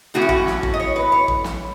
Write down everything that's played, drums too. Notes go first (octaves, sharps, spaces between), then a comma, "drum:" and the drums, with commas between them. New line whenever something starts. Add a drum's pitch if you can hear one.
A2 E3 A3 C#4 F#4
E4
F#4, drum: kick
drum: snare
drum: kick
D#5
C#5
B4
C#5
drum: kick
drum: snare